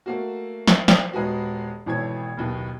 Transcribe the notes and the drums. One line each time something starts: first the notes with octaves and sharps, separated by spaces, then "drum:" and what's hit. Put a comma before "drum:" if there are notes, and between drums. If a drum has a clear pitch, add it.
A3 A#3 F#4
drum: snare
drum: snare
D#1 G#3 B3 F#4
G#1 B2 E3 A4 C#5 G#6
F#1 D#2 B2